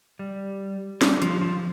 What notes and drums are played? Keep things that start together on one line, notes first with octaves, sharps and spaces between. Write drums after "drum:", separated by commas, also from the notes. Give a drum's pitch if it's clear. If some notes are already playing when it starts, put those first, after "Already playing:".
G3
G3, drum: snare
F3, drum: hi-hat
F3